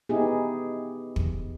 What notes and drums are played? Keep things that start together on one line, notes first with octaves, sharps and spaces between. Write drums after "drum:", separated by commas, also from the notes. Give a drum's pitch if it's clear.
B3 D#4 E4 G4 G#4
drum: kick